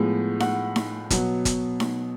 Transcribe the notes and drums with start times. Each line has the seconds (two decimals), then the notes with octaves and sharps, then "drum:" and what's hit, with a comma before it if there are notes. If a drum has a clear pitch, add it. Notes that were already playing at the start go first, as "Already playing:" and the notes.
Already playing: A2 F3 G#3 B3
0.40 F#5, drum: snare D#4
0.76 drum: snare D#4
1.10 B2 F#3 B3, drum: kick, hi-hat
1.45 drum: kick, hi-hat
1.80 drum: snare D#4